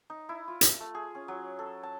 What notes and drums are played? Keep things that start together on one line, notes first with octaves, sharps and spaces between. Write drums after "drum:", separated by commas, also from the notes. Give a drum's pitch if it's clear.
D#4
E4
F4
drum: hi-hat
A3
G#4
C#4
F#3
A4
A5